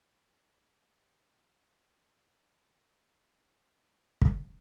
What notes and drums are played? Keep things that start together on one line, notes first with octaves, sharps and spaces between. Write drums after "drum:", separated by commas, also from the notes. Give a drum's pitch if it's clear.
F#4 A#4 B4 C#5 D5 F#5
C#4
drum: kick